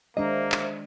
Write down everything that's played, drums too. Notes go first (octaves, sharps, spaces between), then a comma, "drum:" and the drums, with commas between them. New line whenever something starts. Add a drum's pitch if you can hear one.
D#3 G#3 A#3 D4 C5 D#5 E5 A#5
drum: clap